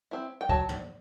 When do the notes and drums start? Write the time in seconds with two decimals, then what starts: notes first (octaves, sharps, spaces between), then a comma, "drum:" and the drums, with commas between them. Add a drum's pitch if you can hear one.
0.11 C4 E4
0.41 G5
0.49 F#3 A5, drum: kick
0.69 drum: tom